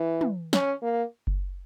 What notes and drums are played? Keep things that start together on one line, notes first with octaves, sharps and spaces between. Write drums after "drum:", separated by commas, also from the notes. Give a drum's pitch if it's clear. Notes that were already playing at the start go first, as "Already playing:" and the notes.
Already playing: E3
drum: tom
C#4, drum: snare
A#3
drum: kick F#1